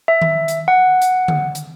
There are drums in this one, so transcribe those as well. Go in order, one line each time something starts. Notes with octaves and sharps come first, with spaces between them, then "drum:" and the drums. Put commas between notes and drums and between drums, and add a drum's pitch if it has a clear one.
E5
drum: tom D#3
drum: hi-hat
F#5
drum: hi-hat
drum: tom D3
drum: hi-hat